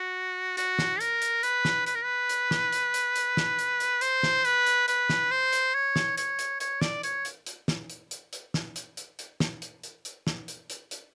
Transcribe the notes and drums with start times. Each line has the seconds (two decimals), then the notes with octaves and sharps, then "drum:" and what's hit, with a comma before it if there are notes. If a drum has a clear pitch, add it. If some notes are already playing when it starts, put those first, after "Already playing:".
Already playing: F#4
0.57 F#4, drum: hi-hat
0.79 drum: snare
1.01 A#4, drum: hi-hat
1.22 drum: hi-hat
1.43 B4, drum: hi-hat
1.65 drum: snare
1.86 B4, drum: hi-hat
1.95 A#4
2.04 B4
2.29 drum: hi-hat
2.51 drum: snare
2.73 drum: hi-hat
2.94 drum: hi-hat
3.16 drum: hi-hat
3.37 drum: snare
3.59 drum: hi-hat
3.80 drum: hi-hat
4.01 C5, drum: hi-hat
4.23 drum: snare
4.45 B4, drum: hi-hat
4.66 drum: hi-hat
4.88 B4, drum: hi-hat
5.09 drum: snare
5.31 C5
5.53 drum: hi-hat
5.74 C#5
5.96 drum: snare
6.18 C#5, drum: hi-hat
6.39 drum: hi-hat
6.60 C#5, drum: hi-hat
6.81 D5, drum: snare
7.03 C#5, drum: hi-hat
7.25 drum: hi-hat
7.46 drum: hi-hat
7.68 drum: snare
7.90 drum: hi-hat
8.11 drum: hi-hat
8.33 drum: hi-hat
8.54 drum: snare
8.76 drum: hi-hat
8.97 drum: hi-hat
9.19 drum: hi-hat
9.40 drum: snare
9.62 drum: hi-hat
9.83 drum: hi-hat
10.05 drum: hi-hat
10.27 drum: snare
10.48 drum: hi-hat
10.70 drum: hi-hat
10.91 drum: hi-hat